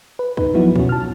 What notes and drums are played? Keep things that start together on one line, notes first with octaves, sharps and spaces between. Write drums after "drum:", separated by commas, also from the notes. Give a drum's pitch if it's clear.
B4
D#4 B4, drum: kick
F3 F#3 B3 E4 F#4
B2 C#4 F#4, drum: kick
A5 F6